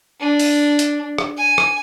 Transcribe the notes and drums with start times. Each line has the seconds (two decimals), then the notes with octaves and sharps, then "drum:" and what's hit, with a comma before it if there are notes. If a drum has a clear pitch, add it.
0.20 D4
0.39 drum: open hi-hat
0.79 drum: hi-hat
1.18 drum: rim click
1.37 G#5
1.58 drum: rim click